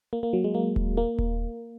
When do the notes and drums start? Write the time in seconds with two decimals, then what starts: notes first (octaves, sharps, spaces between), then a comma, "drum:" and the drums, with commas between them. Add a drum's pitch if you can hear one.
0.13 A#3
0.23 A#3
0.33 F#3
0.44 G#3
0.55 A#3
0.76 drum: kick D#1
0.97 A#3
1.19 drum: kick D#1